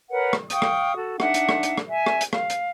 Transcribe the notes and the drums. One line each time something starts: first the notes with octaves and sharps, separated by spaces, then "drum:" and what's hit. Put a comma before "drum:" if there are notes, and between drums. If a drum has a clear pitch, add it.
A#4 B4 C#5 F#5
drum: rim click
F5 G5 C#6 D#6, drum: hi-hat
drum: rim click
F#4 A4
D4 D#4 E5 F#5, drum: rim click
drum: hi-hat
drum: rim click
drum: hi-hat
drum: rim click
E5 G#5
drum: rim click
drum: hi-hat
F5, drum: rim click
drum: hi-hat